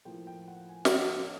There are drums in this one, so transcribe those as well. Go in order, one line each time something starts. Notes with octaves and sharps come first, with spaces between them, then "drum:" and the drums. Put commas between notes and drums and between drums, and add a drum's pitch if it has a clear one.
A2 F3 A#3 G5
G5
F#5
G#5
G5, drum: snare
F#5
F5